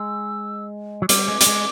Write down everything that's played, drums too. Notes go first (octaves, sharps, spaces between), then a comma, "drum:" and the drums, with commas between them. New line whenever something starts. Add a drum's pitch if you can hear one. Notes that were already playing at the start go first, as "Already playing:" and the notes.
Already playing: G#3 E6
F#3
G3 D6, drum: hi-hat
G#3
G3, drum: hi-hat
G#3